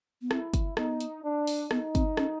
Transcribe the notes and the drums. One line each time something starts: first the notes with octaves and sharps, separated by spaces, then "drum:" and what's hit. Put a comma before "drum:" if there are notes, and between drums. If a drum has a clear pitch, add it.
B3
C4 E4, drum: rim click
drum: kick, hi-hat
B3 D#4, drum: rim click
drum: hi-hat
D4
drum: open hi-hat
B3 D#4, drum: rim click
C4, drum: kick, hi-hat
C#4, drum: rim click